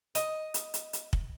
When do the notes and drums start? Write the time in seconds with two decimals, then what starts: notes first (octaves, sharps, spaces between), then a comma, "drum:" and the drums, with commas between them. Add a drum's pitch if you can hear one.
0.15 D#5, drum: hi-hat
0.54 drum: hi-hat
0.74 drum: hi-hat
0.93 drum: hi-hat
1.13 drum: kick